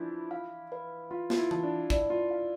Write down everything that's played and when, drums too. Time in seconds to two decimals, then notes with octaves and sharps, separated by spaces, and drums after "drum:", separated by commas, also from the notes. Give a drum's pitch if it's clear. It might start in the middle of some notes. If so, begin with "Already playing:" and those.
Already playing: E3 F3 D4 E4 F4
0.31 F5
0.72 B4
1.11 F4 F5
1.30 F4, drum: snare
1.37 E4
1.51 A5, drum: tom E3
1.63 D4
1.90 E4 D5, drum: kick
2.10 F4
2.31 F5